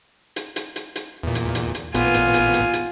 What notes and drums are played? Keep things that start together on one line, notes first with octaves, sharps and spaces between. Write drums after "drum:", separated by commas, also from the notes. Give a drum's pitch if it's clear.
drum: hi-hat
drum: hi-hat
drum: hi-hat
drum: hi-hat
E2 A#2
drum: hi-hat
drum: hi-hat
drum: hi-hat
A1 A#2 B3 F4 G#5, drum: hi-hat
drum: hi-hat
drum: hi-hat
drum: hi-hat
drum: hi-hat